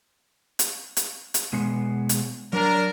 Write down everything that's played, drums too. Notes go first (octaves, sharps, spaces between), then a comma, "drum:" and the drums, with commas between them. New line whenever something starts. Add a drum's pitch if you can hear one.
drum: hi-hat
drum: hi-hat
drum: hi-hat
B2 G#3 B3
drum: hi-hat
F#3 D4 A#4 A#5